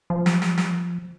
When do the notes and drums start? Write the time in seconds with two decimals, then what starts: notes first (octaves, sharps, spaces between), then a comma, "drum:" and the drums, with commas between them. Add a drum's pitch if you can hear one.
0.10 F3
0.26 drum: snare
0.42 drum: snare
0.58 drum: snare